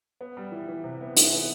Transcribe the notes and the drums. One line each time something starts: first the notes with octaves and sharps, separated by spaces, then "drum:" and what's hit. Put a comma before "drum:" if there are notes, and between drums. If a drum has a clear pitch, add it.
B3
G3
E3
E3
C3
B3
E3, drum: hi-hat
B3